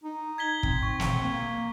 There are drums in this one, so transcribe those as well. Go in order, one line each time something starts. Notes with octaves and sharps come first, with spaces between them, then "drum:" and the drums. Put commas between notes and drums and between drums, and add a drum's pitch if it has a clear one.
D#4
G#6 B6 G7
C4, drum: kick
C#6
drum: snare
A#3